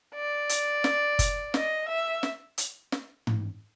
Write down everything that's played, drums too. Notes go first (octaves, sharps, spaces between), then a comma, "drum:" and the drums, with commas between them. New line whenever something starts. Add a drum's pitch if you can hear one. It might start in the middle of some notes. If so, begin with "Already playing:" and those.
D5
drum: hi-hat
drum: snare
drum: kick, hi-hat
D#5, drum: snare
E5
drum: snare
drum: hi-hat
drum: snare
drum: tom G#2